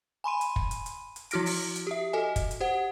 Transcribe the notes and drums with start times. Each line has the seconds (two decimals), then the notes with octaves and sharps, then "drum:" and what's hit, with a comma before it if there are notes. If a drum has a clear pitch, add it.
0.24 G#5 B5 C6 D#7
0.41 drum: hi-hat
0.56 drum: kick
0.71 drum: hi-hat
0.86 drum: hi-hat
1.16 drum: hi-hat
1.31 F3 E4 F#4 F6 A#6 D7, drum: hi-hat
1.46 drum: open hi-hat
1.76 drum: hi-hat
1.87 G4 E5
2.13 F#4 A4 D#5 G#5
2.36 drum: kick, hi-hat
2.51 drum: hi-hat
2.60 G4 C5 F#5